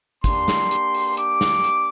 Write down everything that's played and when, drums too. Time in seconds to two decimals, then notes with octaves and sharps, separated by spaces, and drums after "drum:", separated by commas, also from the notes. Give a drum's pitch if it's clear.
0.24 A#3 D4 G4 C6, drum: kick, hi-hat
0.48 drum: snare
0.71 drum: hi-hat
0.94 drum: open hi-hat
1.17 D6, drum: hi-hat
1.41 drum: snare
1.64 drum: hi-hat